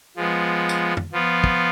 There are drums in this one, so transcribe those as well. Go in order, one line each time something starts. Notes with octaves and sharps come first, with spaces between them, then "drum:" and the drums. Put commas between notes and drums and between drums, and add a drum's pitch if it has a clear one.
F3 G#3 B3
drum: tambourine
drum: tom
F3 B3 F4
drum: kick